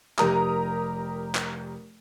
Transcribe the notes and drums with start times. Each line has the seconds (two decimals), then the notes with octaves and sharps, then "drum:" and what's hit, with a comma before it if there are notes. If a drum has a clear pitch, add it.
0.19 F1 G4 A#4 A#5 D#6, drum: clap
1.35 drum: clap